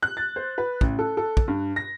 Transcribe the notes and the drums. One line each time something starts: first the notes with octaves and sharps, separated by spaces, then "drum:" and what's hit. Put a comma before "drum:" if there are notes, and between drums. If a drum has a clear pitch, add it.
F#6
A6
C5
B4
A1, drum: kick
A4
A4
drum: kick
G2
A#6